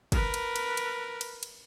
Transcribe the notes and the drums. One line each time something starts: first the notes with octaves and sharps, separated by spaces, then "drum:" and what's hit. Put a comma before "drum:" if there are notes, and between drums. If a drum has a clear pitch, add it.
A#4 B4, drum: kick, cymbal
drum: cymbal
drum: cymbal
drum: cymbal
drum: cymbal
drum: cymbal